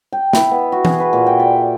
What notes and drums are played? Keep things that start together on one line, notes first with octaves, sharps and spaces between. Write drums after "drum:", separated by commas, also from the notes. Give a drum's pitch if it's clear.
G5
E4, drum: snare
B3
F#4
G#4, drum: tom E3
B4
A#2
G5
D5